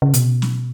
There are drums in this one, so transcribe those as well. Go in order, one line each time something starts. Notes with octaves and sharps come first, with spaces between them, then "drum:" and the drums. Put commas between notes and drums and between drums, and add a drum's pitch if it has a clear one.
C#3
B2, drum: hi-hat
drum: snare